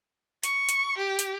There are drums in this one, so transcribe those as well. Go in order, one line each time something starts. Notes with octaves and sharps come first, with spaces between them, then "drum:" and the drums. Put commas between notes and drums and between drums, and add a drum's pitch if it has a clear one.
C#6, drum: hi-hat
drum: hi-hat
G4
drum: hi-hat